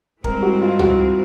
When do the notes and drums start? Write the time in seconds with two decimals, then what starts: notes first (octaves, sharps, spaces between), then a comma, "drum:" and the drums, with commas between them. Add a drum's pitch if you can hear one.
0.24 G2 E3 G#3 C4 A#4, drum: kick
0.42 F#4
0.61 F4
0.79 F#4, drum: tom